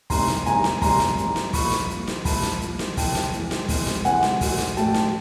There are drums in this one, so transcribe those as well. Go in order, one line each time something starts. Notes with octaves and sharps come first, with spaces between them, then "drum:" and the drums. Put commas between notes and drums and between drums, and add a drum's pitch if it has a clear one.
F1 E2 C3 D#3 G3 A#5 C6, drum: kick, open hi-hat
drum: snare
F1 E2 C3 D#3 G3 G#5 A#5, drum: hi-hat
drum: snare
F1 E2 C3 D#3 G3 A#5 C6, drum: kick, open hi-hat
drum: snare
F1 E2 C3 D#3 G3, drum: hi-hat
drum: snare
C2 A#2 F3 B5 C#6, drum: kick, open hi-hat
drum: snare
C2 A#2 F3, drum: hi-hat
drum: snare
C2 A#2 F3 A5 B5, drum: kick, open hi-hat
drum: snare
C2 A#2 F3, drum: hi-hat
drum: snare
E2 C3 E3 G#3 G5 A5, drum: kick, open hi-hat
drum: snare
E2 C3 E3 G#3, drum: hi-hat
drum: snare
E2 C3 E3 G#3, drum: kick, open hi-hat
drum: snare
E2 C3 E3 G#3 F#5 G#5, drum: hi-hat
drum: snare
A1 A2 F#3 A3, drum: kick, open hi-hat
drum: snare
A1 A2 F#3 A3 G5 A5, drum: hi-hat
drum: snare